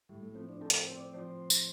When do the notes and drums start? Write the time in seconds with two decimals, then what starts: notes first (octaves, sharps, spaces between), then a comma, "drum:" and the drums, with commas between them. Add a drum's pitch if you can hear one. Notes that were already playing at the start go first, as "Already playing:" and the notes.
0.09 A2 G3
0.23 A3
0.35 F3 C4
0.49 D4
0.61 C4 A4
0.70 A#4, drum: hi-hat
0.79 C5
0.87 C4
0.97 D5
1.13 F3 C5
1.50 drum: tambourine